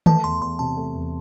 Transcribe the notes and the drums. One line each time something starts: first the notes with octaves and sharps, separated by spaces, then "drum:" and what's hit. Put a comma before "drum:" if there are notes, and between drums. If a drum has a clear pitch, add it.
A3 A5, drum: tom D#3
E2 C6
E2 C6
C3 A5
A3
E2